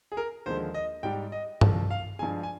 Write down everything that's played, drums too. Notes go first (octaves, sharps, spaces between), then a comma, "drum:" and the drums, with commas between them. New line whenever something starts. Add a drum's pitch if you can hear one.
G#4
A#4
D#2 D3 F3 G#3 C5
D#5
G#2 G3 G5
D#5
C2 C3 F3, drum: tom G2
F5
G2 F3 G#3 G#5
G#5